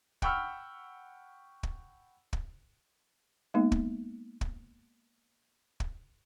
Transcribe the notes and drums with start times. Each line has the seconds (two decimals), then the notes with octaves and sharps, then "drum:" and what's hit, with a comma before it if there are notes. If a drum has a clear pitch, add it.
0.22 F#5 G5 B5 C#6 E6 F6, drum: kick
1.63 drum: kick
2.33 drum: kick
3.54 G#3 A#3 B3 D#4
3.72 drum: kick
4.41 drum: kick
5.80 drum: kick